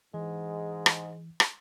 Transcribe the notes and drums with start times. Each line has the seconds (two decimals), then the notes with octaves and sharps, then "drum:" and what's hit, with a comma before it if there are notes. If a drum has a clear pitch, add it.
0.14 G#2 E3 G#3
0.86 drum: rim click
1.40 drum: rim click